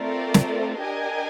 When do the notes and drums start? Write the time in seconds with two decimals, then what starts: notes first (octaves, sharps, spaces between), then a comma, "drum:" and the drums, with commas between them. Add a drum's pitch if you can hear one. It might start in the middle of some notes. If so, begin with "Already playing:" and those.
Already playing: A3 C4 F4 A#4 D5
0.34 drum: snare
0.77 D4 G4 A#4 D#5 G#5